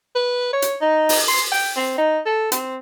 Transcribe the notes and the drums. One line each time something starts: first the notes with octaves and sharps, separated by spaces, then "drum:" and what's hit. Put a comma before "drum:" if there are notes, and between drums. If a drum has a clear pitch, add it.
B4
C#5
drum: hi-hat
D#4
drum: open hi-hat
C6
G5
C4
D#4
A4
C4, drum: hi-hat